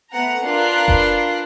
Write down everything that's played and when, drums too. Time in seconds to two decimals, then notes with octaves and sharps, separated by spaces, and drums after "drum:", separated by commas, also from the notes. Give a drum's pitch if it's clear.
0.10 A3 B3 F#5 A#5
0.44 D4 F4 A#4 B4 F#6 C7
0.88 drum: kick F#1